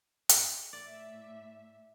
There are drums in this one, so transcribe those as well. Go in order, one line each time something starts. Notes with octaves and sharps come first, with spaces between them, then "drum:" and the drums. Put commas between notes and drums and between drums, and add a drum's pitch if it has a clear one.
drum: hi-hat
A2 D5 E5